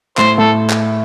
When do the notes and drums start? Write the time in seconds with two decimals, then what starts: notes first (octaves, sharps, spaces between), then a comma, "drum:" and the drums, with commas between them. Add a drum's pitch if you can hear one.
0.18 A2 C5, drum: clap
0.38 A2 A4
0.70 drum: clap